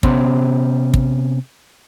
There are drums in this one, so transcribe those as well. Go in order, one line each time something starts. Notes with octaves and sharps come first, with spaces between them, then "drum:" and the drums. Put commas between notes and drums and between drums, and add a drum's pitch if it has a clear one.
C3 B3 C#4 C5 C6, drum: kick
drum: kick